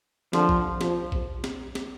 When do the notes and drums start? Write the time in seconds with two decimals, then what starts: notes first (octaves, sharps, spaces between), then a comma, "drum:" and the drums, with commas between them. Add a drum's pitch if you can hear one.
0.33 D3 F3, drum: snare
0.49 drum: kick A#1
0.81 F3, drum: snare
1.12 drum: kick A#1
1.44 drum: snare
1.75 drum: snare